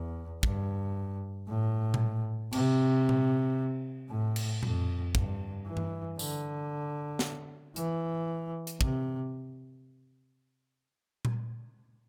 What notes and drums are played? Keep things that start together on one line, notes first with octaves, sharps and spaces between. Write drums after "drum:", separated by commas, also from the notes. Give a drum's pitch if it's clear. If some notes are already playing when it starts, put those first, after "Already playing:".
Already playing: E2
G2, drum: kick
A2
drum: tom A#2
C3, drum: cymbal
drum: tom A#2
A2
drum: cymbal
F2, drum: tom A#2
G2, drum: kick
E3
drum: tom G2
D3, drum: tambourine
drum: snare
E3, drum: hi-hat
drum: hi-hat
C3, drum: kick
drum: tom A#2